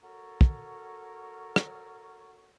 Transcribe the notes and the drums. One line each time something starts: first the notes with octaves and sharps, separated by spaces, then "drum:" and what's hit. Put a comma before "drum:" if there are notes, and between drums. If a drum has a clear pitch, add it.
F#4 A4 A#4 C#5
drum: kick
drum: rim click